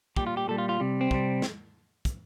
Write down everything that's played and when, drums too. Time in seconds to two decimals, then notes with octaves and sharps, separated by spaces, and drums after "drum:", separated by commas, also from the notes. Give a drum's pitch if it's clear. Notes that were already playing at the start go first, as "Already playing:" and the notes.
0.16 A#2 G3 G4, drum: kick
0.27 F4
0.37 G4
0.48 A#2 G3 A4
0.58 F4
0.69 F4
0.80 C3 G3
1.01 C4
1.11 C3 G3, drum: kick
1.42 drum: snare
2.05 drum: kick, hi-hat